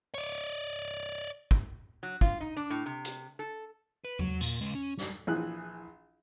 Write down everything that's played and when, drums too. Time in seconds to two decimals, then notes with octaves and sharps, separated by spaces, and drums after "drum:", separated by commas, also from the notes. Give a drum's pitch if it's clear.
0.14 C#5 D5
1.51 drum: kick
2.03 F#3
2.21 F4, drum: kick
2.40 D#4
2.56 D4
2.70 A2
2.86 C3
3.05 drum: hi-hat
3.39 A4
4.05 B4
4.19 F#3, drum: tom E2
4.41 A#2, drum: tambourine
4.61 C#2 G#3
4.75 C#4
4.97 drum: snare
5.27 A#1 E3 G#4 F#6